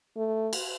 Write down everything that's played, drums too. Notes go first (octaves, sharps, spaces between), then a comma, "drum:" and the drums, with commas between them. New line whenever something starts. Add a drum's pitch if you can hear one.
A3
drum: cymbal